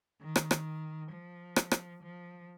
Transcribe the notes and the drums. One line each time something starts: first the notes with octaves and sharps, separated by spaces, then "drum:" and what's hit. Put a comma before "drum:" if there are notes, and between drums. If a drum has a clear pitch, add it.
D#3
drum: rim click
drum: rim click
F3
drum: rim click
drum: rim click
F3